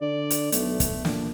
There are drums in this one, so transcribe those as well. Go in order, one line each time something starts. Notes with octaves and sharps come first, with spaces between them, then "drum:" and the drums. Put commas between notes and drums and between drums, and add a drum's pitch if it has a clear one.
D3 D5
drum: hi-hat
B1 A3, drum: hi-hat
drum: kick, hi-hat
A#2 D4, drum: snare